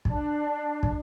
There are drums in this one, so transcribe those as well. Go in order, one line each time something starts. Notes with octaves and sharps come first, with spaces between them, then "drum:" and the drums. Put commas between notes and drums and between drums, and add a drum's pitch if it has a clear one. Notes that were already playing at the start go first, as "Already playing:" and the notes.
D4, drum: kick
drum: kick